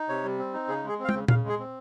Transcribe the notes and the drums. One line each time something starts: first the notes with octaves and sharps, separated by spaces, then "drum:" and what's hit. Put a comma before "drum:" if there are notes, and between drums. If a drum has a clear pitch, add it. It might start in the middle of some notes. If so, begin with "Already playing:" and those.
Already playing: D#4
C3 C#5
G3
C4
D#4
C#3 G#4
G#3
G#4
C4
F5
G5, drum: tom
C#3
C#3 F5, drum: tom A#2
G#3
G#4
C4